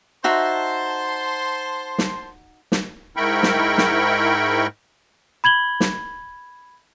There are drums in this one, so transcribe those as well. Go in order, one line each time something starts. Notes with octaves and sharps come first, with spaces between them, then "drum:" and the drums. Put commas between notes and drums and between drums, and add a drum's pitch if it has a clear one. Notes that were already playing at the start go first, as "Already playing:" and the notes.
D#4 F#4 C5 E5 A5 C6
drum: snare
drum: snare
G#2 E4 A#4 G5 B5 C#6
drum: snare
drum: snare
B5 G#6 F#7 G7
drum: snare